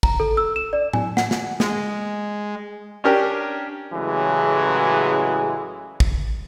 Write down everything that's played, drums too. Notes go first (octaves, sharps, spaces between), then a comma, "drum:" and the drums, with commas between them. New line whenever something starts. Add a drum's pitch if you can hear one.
A#5, drum: kick
A4
E6
E7
D5
G#5, drum: tom
F#5, drum: snare
drum: snare
G#3, drum: snare
C#4 D4 G4 A#4
A1 A2 C#3 E3 F#3 G#3
drum: kick